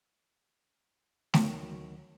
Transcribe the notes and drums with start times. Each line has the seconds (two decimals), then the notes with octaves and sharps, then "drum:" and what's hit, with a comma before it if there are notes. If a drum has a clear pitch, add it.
1.34 D2 D#3 F#3, drum: snare A3